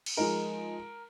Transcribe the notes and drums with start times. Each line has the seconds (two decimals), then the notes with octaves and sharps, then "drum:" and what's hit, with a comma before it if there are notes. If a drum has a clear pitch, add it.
0.06 drum: cymbal
0.17 F3 G#3 D#4 A#4